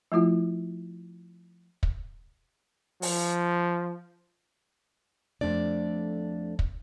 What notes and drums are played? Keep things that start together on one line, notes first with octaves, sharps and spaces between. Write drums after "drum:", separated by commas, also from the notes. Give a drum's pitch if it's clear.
F3 A3 E4 F4
drum: kick
F3, drum: open hi-hat
F2 A3 D4 D5
drum: kick